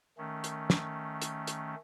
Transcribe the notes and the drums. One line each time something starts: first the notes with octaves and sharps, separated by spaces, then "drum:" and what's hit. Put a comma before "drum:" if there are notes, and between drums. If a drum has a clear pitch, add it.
D#3 A3 C#4
drum: hi-hat
drum: snare
drum: hi-hat
drum: hi-hat